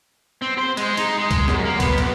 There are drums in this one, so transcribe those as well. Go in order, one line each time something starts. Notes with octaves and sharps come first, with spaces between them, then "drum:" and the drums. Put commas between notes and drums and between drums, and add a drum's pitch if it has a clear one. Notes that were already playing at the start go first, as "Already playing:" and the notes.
C4
C5
G#3, drum: cymbal
D#4, drum: cymbal
G#3
drum: kick C#2, cymbal
F#2, drum: snare
A#3
B3, drum: kick C#2, cymbal
B1, drum: cymbal